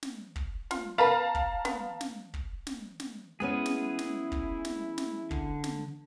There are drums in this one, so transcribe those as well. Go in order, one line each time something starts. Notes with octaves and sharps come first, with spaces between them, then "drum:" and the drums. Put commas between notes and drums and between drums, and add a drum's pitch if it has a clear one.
drum: snare
drum: kick
F4, drum: snare
B3 A#4 B4 F5 A5 A#5
drum: kick
B3, drum: snare
drum: snare
drum: kick
drum: snare
drum: snare
G#3 B3 C#4 E4 G#4 B4
drum: snare
drum: snare
drum: kick
drum: snare
drum: snare
D3, drum: kick
drum: snare